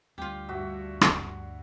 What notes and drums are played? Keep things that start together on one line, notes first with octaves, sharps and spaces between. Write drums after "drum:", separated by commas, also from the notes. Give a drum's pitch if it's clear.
D2 G3 F4 G4
G2 F#4 E5
drum: rim click